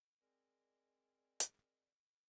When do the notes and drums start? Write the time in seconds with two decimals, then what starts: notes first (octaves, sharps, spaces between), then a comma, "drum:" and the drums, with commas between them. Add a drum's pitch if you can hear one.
0.21 G#3 C4 A#4 D5
1.40 drum: hi-hat